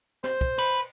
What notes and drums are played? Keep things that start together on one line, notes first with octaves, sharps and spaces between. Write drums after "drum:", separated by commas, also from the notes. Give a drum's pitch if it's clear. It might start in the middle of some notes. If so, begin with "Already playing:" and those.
C5, drum: snare
drum: kick
B4, drum: cymbal